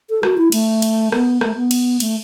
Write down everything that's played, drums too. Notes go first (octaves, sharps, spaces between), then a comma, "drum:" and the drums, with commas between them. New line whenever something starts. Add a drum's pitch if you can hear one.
A4
F#4, drum: rim click
E4
A3, drum: cymbal
drum: cymbal
B3, drum: rim click
A3, drum: rim click
B3
drum: cymbal
A3, drum: cymbal